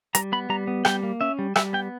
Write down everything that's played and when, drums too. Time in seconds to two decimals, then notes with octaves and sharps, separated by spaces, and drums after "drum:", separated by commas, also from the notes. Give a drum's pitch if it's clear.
0.15 G3 A#5, drum: hi-hat
0.32 B3 B5
0.50 G3 A#5
0.67 B3
0.85 G3 G5, drum: rim click
1.03 A#3
1.21 C#4 E5
1.39 G3
1.56 G3 E5, drum: rim click
1.73 B3 G5